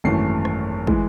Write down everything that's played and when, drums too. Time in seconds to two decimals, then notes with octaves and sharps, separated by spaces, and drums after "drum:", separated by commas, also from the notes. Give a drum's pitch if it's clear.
0.04 G#1 F#2 E3 A3 C7
0.45 drum: rim click
0.87 E3 G#3, drum: kick